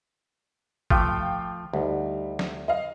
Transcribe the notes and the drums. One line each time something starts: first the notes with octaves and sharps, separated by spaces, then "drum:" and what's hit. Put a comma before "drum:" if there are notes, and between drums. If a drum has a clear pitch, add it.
F3 A3 F5 G5 D6, drum: kick
D2 G3 D#4
drum: snare
D#5 F5